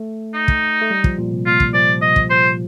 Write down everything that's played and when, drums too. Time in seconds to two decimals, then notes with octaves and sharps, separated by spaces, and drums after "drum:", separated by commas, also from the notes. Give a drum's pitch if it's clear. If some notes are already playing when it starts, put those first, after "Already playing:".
Already playing: A3
0.34 D#4
0.48 drum: kick
0.81 A3
0.90 G3
1.04 F3, drum: kick
1.18 A#2
1.31 C3
1.46 A#2 F4
1.60 drum: kick
1.74 F3 D5
2.02 D#5
2.16 drum: kick
2.30 C5